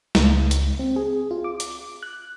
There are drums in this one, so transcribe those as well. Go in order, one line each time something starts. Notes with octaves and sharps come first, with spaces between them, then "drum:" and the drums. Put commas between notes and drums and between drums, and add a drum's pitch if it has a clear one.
C#2, drum: snare
drum: hi-hat
C4
G#4
F4
D6
drum: hi-hat
F#6